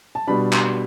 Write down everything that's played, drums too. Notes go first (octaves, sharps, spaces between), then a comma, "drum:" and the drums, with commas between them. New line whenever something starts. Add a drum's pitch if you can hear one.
A5
B2 G3 D4 B5
C6, drum: clap